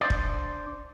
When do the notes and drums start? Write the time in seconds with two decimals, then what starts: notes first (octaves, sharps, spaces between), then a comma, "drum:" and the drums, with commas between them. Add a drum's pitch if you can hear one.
0.01 D4 C5 D5
0.10 drum: kick